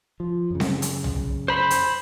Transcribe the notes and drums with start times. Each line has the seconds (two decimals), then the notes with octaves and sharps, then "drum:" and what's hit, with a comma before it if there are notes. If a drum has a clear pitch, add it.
0.20 F3
0.50 F#2 C#3
0.60 drum: snare C4
0.82 drum: hi-hat
1.04 drum: tom
1.48 C5 B5
1.70 drum: hi-hat